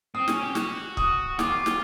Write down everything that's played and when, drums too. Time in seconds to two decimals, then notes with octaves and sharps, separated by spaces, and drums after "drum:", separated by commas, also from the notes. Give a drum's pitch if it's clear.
0.15 C4 D#6
0.28 C#4, drum: snare
0.43 G4
0.55 F#4, drum: snare
0.97 D#6, drum: kick
1.39 F4 D6, drum: snare
1.66 drum: snare